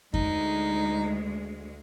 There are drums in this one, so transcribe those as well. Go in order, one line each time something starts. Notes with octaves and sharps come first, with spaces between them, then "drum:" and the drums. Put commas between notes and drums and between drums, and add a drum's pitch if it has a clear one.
D2 G#3 D#4, drum: kick F2